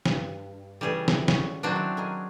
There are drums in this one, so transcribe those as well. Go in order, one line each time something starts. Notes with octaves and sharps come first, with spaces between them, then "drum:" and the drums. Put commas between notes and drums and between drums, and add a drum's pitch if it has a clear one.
G2, drum: snare
C#3 E3 G3 A3 G#4
drum: snare
C#4 F#4, drum: snare
D#3 F#3 C4 D4
E4
G#4 A#4 D#5